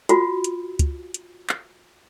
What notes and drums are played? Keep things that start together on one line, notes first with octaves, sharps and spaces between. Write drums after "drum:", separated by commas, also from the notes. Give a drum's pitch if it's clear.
F4 F#4, drum: hi-hat
drum: hi-hat
drum: kick, hi-hat
drum: hi-hat
drum: clap